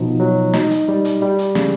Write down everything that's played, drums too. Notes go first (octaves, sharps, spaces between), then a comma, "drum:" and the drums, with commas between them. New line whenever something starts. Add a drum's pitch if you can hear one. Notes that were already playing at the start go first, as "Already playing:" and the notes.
Already playing: B2 F3 D#4
F#3
D#4, drum: snare
drum: hi-hat
G3
drum: hi-hat
G3
drum: hi-hat
C#3, drum: snare